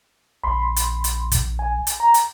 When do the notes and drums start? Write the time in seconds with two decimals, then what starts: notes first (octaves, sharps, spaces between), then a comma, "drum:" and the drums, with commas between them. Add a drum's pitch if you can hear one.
0.44 A#1 B5 C6
0.76 drum: hi-hat
1.04 drum: hi-hat
1.32 drum: kick, hi-hat
1.59 G#5
1.87 drum: hi-hat
2.00 A#5
2.14 drum: hi-hat